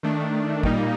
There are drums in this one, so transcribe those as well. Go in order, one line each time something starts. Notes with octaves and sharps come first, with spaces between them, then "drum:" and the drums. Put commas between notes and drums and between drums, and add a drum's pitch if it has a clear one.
D#3 A3 D4
A#2 G3 A#3 D#4, drum: kick